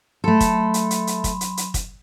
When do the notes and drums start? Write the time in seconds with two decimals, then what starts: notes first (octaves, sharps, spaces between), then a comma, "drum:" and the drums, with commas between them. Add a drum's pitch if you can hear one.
0.24 F#3 A3 A4 B5 C6
0.40 drum: kick, hi-hat
0.74 drum: hi-hat
0.91 drum: hi-hat
1.07 drum: hi-hat
1.24 drum: kick, hi-hat
1.41 drum: hi-hat
1.57 drum: hi-hat
1.74 drum: kick, hi-hat